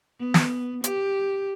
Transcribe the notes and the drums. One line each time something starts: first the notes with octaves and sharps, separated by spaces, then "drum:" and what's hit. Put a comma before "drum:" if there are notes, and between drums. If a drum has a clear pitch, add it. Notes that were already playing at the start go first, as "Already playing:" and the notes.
B3
drum: snare
G4, drum: hi-hat